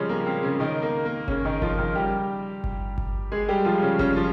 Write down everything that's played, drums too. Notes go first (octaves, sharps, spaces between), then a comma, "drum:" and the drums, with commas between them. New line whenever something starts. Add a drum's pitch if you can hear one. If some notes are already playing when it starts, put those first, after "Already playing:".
Already playing: C#3 F3 G3 G#3 C#4 G4 G#4
A#3
C4
C#3 C#4
D#3 D#4
A#3
A#3
C#3 C#4, drum: kick G1
D#3 D#4
F3 F4, drum: kick G1
D#3 D#4
G3 G4
drum: kick G1
drum: kick G1
G#3 G#4
G3 G4
F3 F4
C#3 C#4
C#3 C#4, drum: kick G1
F3 F4